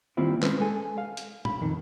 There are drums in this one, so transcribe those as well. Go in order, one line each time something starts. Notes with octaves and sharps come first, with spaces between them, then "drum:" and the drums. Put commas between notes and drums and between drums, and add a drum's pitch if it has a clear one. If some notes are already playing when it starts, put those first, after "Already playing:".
D#3 G3 A#3 C4 E4 F4
G#3 C#4 B4 C5, drum: clap
G#3 A4 G#5
F5
drum: hi-hat
B5, drum: tom A#2
F2 D#3